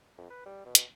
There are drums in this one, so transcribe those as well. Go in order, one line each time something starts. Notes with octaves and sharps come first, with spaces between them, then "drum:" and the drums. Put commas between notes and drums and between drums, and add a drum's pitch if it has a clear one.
F2
B4
G3
B2
drum: hi-hat